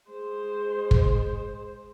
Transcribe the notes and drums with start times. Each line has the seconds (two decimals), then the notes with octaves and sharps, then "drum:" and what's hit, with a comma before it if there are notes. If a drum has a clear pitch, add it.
0.10 G#3 C5
0.91 drum: kick